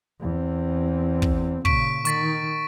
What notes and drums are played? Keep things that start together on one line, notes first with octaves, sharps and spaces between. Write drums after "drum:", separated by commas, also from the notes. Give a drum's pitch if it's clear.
E2 C4
drum: kick
A#2 C#3 C#6 B6 D7, drum: kick
D#3 C#6 A6 B6, drum: hi-hat